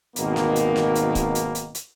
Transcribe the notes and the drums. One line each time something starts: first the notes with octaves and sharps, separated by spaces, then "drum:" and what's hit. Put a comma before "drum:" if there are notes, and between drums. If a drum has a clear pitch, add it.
G#1 B2 D#3 A#3, drum: hi-hat
drum: snare
drum: hi-hat
drum: snare
drum: hi-hat
drum: kick C#1, hi-hat
drum: hi-hat
drum: hi-hat
drum: hi-hat